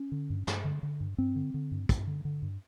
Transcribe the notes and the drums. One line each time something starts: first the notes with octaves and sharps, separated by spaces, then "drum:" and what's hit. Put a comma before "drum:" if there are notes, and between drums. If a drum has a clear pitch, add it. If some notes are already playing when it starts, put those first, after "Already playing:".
Already playing: C#4
D3
G2
G2, drum: snare
D3
D3
G2
G2 C4
D3
D3
G2
G2, drum: kick, hi-hat
D3
D3
G2